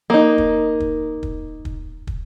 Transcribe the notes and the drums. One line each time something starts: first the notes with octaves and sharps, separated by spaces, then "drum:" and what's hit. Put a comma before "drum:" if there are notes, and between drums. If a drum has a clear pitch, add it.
A#3 D#4
drum: kick
drum: kick
drum: kick
drum: kick
drum: kick